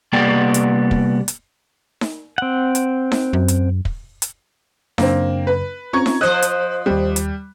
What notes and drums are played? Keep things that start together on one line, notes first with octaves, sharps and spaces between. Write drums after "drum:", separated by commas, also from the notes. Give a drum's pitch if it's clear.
C2 A#3 B3 G4 D5 G5
drum: hi-hat
drum: kick
drum: hi-hat
drum: snare D#4
C4 F#5
drum: hi-hat
drum: snare D#4
F#2
drum: hi-hat
drum: kick
drum: hi-hat
F#2 C#3 A#3 C4 D4, drum: snare D#4
B4
C4 C#4 F4 A#5 C#6 G#6
drum: snare D#4
F3 C5 D#5 F#6 G6
drum: hi-hat
D#2 G3 D6
drum: hi-hat